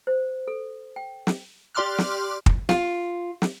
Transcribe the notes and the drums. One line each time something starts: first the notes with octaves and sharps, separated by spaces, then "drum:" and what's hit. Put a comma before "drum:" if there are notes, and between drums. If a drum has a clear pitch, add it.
C5
A4
G5
drum: snare
G4 D5 C6 D6 F6 F#6
drum: snare
drum: kick
F4, drum: snare
drum: snare